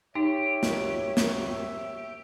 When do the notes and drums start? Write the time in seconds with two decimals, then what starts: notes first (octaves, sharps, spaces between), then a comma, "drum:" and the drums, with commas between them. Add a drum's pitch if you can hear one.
0.15 D#4 G4 C#5 E5
0.63 drum: snare
1.17 drum: snare